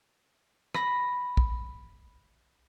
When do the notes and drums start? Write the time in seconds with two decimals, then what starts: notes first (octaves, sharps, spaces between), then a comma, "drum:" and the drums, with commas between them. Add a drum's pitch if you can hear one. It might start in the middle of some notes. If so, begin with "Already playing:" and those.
0.75 B5 A#6, drum: rim click
1.37 drum: kick